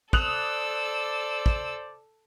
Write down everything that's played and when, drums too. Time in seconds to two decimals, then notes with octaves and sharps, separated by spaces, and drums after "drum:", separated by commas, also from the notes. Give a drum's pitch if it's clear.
0.13 A4 C5 D5 D#6 E6 F#6 F7, drum: kick
1.46 drum: kick